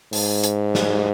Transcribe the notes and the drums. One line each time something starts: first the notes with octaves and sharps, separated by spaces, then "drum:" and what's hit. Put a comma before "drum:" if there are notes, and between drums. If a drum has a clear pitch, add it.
G#2, drum: open hi-hat
drum: hi-hat
drum: snare